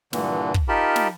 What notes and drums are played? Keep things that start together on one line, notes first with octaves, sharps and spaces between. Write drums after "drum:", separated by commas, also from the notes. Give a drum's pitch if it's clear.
G2 A#2 D3 E3, drum: snare
drum: kick
D#4 F4 G4 A#4 A5 B5
drum: snare